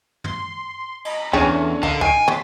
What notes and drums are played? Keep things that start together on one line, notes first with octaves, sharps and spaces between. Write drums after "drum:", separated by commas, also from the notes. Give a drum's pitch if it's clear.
C6, drum: tom
D#5 A#5 B5, drum: cymbal
E2 C#4 D4 G#4 A4 C#5 G5 D#7, drum: kick
D3 A#4 D#5 F5 C7, drum: kick
D#3 G#5 C7 D7, drum: kick
C#4 G4 C6 A6 B6, drum: tom